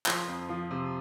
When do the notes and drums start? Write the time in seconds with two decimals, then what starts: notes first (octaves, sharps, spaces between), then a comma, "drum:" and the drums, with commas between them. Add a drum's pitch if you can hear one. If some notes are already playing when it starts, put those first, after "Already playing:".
0.06 F3 C5, drum: clap
0.28 F2
0.49 F3
0.71 C3